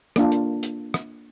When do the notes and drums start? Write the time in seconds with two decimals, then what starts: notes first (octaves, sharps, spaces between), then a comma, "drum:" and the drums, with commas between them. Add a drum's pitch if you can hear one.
0.16 A#3 D4 F4, drum: rim click
0.32 drum: hi-hat
0.63 drum: hi-hat
0.94 drum: rim click